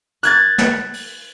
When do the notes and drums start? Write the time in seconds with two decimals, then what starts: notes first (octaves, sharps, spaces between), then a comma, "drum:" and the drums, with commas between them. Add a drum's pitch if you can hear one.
0.23 F#6 G#6 A6, drum: hi-hat
0.58 drum: snare
0.93 drum: open hi-hat